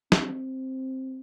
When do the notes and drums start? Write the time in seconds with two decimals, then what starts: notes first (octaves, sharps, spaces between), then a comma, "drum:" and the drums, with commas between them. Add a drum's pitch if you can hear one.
0.12 C4, drum: snare